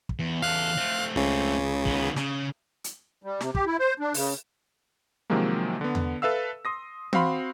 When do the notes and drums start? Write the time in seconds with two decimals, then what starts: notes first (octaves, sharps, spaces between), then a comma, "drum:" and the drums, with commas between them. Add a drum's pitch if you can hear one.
0.09 drum: kick
0.19 E2
0.42 E2 A4 F5 F#6
0.77 A3 C4
1.16 C#2 C#3
1.86 D#3 B3, drum: kick
2.16 C#3, drum: snare
2.84 drum: hi-hat
3.23 G3
3.41 C3, drum: snare
3.55 G4, drum: kick
3.66 E4
3.79 C5
4.00 D4
4.14 C#3, drum: open hi-hat
5.30 C3 D#3 F3 F#3 G#3 A#3
5.81 D3 B3
5.95 drum: tom E2
6.22 A4 B4 E5 F5 E6
6.65 C6 D#6 A#6
7.13 C4 F#4 F5 B5 C6, drum: tom